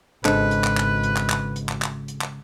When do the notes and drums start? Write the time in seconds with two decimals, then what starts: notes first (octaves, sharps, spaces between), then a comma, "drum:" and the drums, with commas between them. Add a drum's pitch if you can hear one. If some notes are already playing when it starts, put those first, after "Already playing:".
0.25 G#1 C#3 G#3 D4 A4 B4 C5 D#5, drum: clap
0.51 drum: hi-hat
0.64 drum: clap
0.77 drum: clap
1.03 drum: hi-hat
1.17 drum: clap
1.30 drum: clap
1.56 drum: hi-hat
1.69 drum: clap
1.82 drum: clap
2.08 drum: hi-hat
2.21 drum: clap